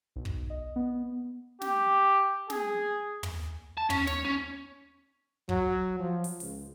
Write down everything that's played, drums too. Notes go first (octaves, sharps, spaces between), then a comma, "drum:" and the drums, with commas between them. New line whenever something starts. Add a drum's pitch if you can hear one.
B1
drum: kick
D#5
B3
G4, drum: snare
G#4, drum: snare
drum: tom
A5
C#4, drum: tom
C#5, drum: snare
C#4
F#3, drum: kick
F3
drum: open hi-hat
C#2, drum: open hi-hat